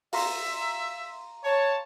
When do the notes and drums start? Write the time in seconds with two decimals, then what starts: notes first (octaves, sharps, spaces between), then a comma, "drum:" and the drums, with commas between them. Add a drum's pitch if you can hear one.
0.13 E5 F5 A#5 C6, drum: open hi-hat
1.44 C#5 A5